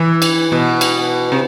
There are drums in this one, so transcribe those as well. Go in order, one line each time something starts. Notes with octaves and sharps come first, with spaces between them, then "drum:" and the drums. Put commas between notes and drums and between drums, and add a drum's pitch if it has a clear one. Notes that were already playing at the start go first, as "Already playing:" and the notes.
Already playing: E3
drum: cymbal
B2
drum: cymbal
C3